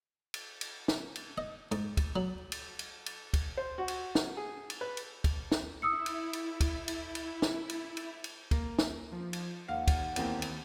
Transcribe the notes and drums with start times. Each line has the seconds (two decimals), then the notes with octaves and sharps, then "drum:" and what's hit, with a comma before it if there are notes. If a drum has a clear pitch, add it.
0.34 drum: cymbal
0.61 drum: cymbal
0.88 drum: snare
1.16 drum: cymbal
1.38 D#5
1.72 G#2, drum: cymbal
1.97 drum: kick, cymbal
2.16 F#3
2.52 drum: cymbal
2.79 drum: cymbal
3.06 drum: cymbal
3.34 drum: kick, cymbal
3.57 C5
3.78 F#4
3.88 drum: cymbal
4.15 drum: snare
4.37 G#4
4.70 drum: cymbal
4.81 B4
4.97 drum: cymbal
5.24 drum: kick, cymbal
5.52 drum: snare
5.82 E4 D#6 E6 C#7
6.06 drum: cymbal
6.33 drum: cymbal
6.61 drum: kick, cymbal
6.88 drum: cymbal
7.15 drum: cymbal
7.42 drum: snare
7.70 drum: cymbal
7.97 drum: cymbal
8.24 drum: cymbal
8.51 A#3, drum: kick, cymbal
8.79 drum: snare
9.12 F3
9.33 drum: cymbal
9.68 D#2 F5 F#5
9.88 drum: kick, cymbal
10.16 E2 A#3 C4, drum: cymbal
10.42 drum: cymbal